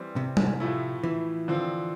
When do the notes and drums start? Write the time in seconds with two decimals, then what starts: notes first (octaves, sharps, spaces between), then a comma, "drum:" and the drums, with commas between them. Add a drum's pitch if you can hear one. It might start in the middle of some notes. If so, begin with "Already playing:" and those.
Already playing: E3 G3 C4
0.16 C3
0.37 drum: tom
0.60 A2 F3 A3 E4
1.03 E3
1.48 D3 F3 C4